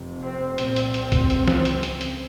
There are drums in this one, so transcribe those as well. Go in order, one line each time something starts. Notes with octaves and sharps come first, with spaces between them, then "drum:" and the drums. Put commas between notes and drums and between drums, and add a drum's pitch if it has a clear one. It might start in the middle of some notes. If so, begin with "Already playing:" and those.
Already playing: F1 F2 C3
C4
C2 A#2 C4, drum: hi-hat
drum: hi-hat
drum: hi-hat
drum: kick B1, hi-hat
C#2 C#3, drum: hi-hat
drum: snare
drum: hi-hat
drum: hi-hat
drum: hi-hat